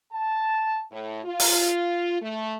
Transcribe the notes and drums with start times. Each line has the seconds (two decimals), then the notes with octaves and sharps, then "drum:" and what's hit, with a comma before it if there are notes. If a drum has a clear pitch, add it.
0.12 A5
0.92 A2
1.25 F4
1.40 drum: open hi-hat
2.22 A3